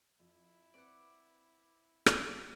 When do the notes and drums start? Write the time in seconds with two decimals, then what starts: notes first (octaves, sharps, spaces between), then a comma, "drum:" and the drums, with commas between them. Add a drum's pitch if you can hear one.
0.20 F2 E4
0.74 C4 B4 D5 F#5
2.06 drum: rim click